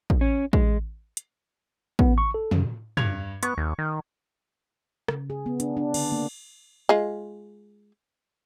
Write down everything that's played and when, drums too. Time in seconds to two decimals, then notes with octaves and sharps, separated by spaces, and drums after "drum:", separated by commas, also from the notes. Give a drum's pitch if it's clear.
0.10 drum: kick
0.21 C#4
0.53 G#3, drum: kick
1.17 drum: hi-hat
1.99 B3, drum: kick
2.18 C#6
2.34 A4
2.51 F#2, drum: tom
2.97 G2 G#6 F7, drum: tom
3.43 B3 C#6, drum: hi-hat
3.58 D#2
3.78 D#3
5.08 C#3, drum: rim click
5.30 G#4
5.46 B3
5.60 D4, drum: hi-hat
5.77 D4
5.94 D3, drum: cymbal
6.12 A#3
6.89 G#3 F4